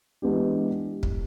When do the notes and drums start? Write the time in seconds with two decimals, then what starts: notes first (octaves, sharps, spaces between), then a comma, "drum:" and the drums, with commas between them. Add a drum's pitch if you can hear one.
0.22 E3 G#3 B3 D4 G4
1.03 drum: kick